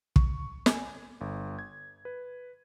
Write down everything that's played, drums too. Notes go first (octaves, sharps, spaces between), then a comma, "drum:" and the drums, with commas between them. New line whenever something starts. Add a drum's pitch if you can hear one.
C#6, drum: kick
G#5, drum: snare
G1
G#6
B4